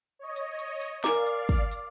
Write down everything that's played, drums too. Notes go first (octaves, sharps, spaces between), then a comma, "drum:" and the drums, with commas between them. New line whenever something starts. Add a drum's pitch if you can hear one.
C#5 D#5
drum: hi-hat
drum: hi-hat
drum: hi-hat
A#4 D5 F5 G#5 A#5 D6, drum: snare
drum: hi-hat
drum: kick, open hi-hat
drum: hi-hat